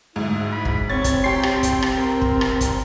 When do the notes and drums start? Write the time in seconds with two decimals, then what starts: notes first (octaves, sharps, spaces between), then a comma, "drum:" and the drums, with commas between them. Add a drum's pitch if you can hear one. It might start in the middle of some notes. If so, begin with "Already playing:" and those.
0.16 D2 G#2 E4
0.52 B5
0.65 drum: kick
0.90 C4 C#5 A6
1.04 drum: kick, hi-hat
1.24 G4 C6 C7
1.43 drum: rim click
1.63 drum: kick, hi-hat
1.82 drum: rim click
1.97 A#4
2.22 drum: kick
2.41 drum: rim click
2.61 drum: kick, hi-hat